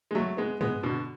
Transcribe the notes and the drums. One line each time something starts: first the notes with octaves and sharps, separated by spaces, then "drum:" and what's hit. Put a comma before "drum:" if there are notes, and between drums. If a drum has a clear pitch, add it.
G#3
F#3 A3
G#3 B3
G#3 B3, drum: tom
B2 D3